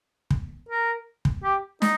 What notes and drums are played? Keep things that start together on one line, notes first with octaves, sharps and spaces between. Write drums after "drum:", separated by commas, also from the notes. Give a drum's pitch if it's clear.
drum: kick
A#4
drum: kick
G4
D#4, drum: snare